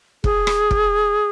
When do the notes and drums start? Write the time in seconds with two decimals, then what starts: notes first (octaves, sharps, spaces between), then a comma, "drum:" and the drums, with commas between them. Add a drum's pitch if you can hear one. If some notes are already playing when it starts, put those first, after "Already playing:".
0.24 G#4, drum: kick F1
0.47 drum: rim click
0.71 drum: kick F1